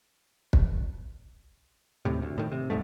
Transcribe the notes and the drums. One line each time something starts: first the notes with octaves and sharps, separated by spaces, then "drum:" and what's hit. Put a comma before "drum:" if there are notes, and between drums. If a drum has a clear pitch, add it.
drum: kick
D#2 A2 C3
D2
A2 D#3
C3
D1 C2 G#2 A3